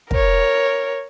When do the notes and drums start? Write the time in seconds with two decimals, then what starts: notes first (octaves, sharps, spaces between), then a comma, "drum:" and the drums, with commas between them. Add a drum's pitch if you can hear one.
0.11 A#4 C#5, drum: kick